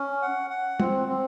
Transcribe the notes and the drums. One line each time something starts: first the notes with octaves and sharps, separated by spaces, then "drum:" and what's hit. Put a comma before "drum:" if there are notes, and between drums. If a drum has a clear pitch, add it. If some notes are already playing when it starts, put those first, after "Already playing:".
Already playing: C#4
F#5
F#5
C4, drum: tom
C4